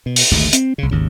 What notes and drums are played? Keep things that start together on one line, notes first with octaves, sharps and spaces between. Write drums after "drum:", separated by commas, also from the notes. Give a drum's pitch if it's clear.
B2
drum: open hi-hat
G#1 D2 G#2 D3
C4, drum: hi-hat
C2 C#3
G#1 D#2 C#3